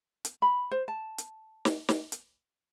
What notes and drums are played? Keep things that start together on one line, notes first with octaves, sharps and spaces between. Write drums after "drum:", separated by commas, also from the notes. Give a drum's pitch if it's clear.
drum: hi-hat
B5
C5
A5
drum: hi-hat
drum: snare
drum: snare
drum: hi-hat